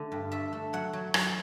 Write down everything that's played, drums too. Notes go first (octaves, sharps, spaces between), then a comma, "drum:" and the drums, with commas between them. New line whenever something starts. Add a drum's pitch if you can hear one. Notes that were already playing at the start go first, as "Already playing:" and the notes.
Already playing: D3 A3
G2
A3 E5
A3
F#3 F#5
F#3
F#3, drum: rim click